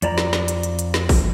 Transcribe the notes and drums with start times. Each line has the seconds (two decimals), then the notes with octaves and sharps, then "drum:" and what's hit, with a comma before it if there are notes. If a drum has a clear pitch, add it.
0.02 F2 D5 A5 A#5, drum: hi-hat
0.18 drum: snare
0.33 drum: snare
0.48 drum: hi-hat
0.63 drum: hi-hat
0.79 drum: hi-hat
0.94 drum: snare
1.09 drum: kick, open hi-hat